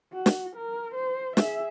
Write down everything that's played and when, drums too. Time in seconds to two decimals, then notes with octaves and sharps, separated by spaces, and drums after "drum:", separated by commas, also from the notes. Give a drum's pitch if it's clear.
0.13 F#4
0.26 drum: snare
0.57 A#4
0.94 C5
1.37 G#4 E5, drum: snare